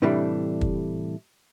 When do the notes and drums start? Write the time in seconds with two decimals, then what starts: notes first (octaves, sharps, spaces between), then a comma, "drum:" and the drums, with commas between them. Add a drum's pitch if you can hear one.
0.02 A2 C3 E3 G3 A3 D4
0.61 drum: kick